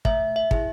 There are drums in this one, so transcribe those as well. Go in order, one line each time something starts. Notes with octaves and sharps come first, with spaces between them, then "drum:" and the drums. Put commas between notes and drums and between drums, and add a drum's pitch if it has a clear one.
A3 E5, drum: kick
E5
E4 G#4, drum: kick